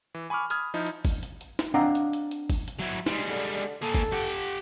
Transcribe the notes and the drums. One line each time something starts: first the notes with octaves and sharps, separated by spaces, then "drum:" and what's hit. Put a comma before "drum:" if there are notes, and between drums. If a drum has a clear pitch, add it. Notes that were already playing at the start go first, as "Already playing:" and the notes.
E3
G#5 B5 C#6 D6 F6
B5 D#6 F6 G#6, drum: hi-hat
F3 D#4 E4
drum: hi-hat
drum: kick G1, open hi-hat
drum: hi-hat
drum: hi-hat
drum: snare
C4 D4 D#5 F5 F#5 A#5
drum: hi-hat
drum: hi-hat
drum: hi-hat
drum: kick G1, open hi-hat
drum: hi-hat
F#3 E4
G3 G#3, drum: snare
D3
drum: hi-hat
A#3 G#4 A4
drum: kick G1, open hi-hat
G4 F#5, drum: hi-hat
drum: hi-hat